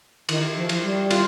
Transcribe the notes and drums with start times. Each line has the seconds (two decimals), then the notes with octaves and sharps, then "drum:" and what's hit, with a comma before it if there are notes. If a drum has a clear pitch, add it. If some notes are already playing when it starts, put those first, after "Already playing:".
0.29 D#3, drum: cymbal
0.56 F3
0.69 drum: cymbal
0.83 G3
1.10 F4, drum: cymbal